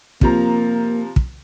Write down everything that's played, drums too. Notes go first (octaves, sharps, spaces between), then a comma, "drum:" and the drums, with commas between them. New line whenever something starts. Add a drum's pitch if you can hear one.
C3 F3 A#3 A#5, drum: kick
drum: kick